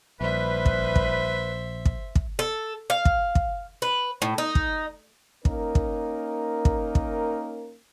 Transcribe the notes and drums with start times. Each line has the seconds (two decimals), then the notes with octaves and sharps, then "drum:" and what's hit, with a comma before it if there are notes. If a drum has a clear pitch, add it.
0.21 A#1 E3 G3 B4 C5 E5
0.66 drum: kick
0.96 drum: kick
1.85 drum: kick
2.15 drum: kick
2.39 A4
2.90 F5
3.05 drum: kick
3.35 drum: kick
3.82 B4
4.22 A2
4.38 D#4
4.55 drum: kick
5.45 A#3 C#4 D#4 A#4, drum: kick
5.75 drum: kick
6.65 drum: kick
6.95 drum: kick